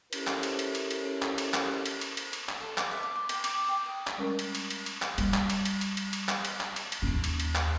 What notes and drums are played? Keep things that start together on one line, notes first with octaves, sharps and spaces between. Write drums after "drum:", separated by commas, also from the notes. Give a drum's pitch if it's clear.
C#4 E4 G4 A4 A#4 C5, drum: cymbal
drum: clap
drum: cymbal
drum: cymbal
drum: cymbal
drum: cymbal
drum: clap
drum: cymbal
drum: clap
drum: cymbal
drum: cymbal
drum: cymbal
drum: cymbal
drum: clap
A4
D5, drum: clap
E5
D6
C6
G5, drum: cymbal
D6, drum: cymbal
G5
D#6
drum: clap
G3 G#3 C#4 A#4 C#6
drum: cymbal
drum: cymbal
drum: cymbal
drum: cymbal
drum: clap
G3, drum: cymbal
drum: clap
drum: cymbal
drum: cymbal
drum: cymbal
drum: cymbal
drum: cymbal
drum: clap
drum: cymbal
drum: clap
drum: cymbal
drum: cymbal
D#2 C#4
drum: cymbal
drum: cymbal
drum: clap